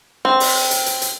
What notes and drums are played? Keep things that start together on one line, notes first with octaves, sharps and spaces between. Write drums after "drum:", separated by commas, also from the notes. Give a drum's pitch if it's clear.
C4
drum: open hi-hat
drum: hi-hat
drum: hi-hat
drum: hi-hat